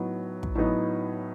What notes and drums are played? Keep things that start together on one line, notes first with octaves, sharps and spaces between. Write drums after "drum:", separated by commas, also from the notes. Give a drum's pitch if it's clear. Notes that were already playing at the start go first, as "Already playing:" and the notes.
Already playing: A2 F#3 B3 D#4
drum: kick
A2 F#3 B3 D#4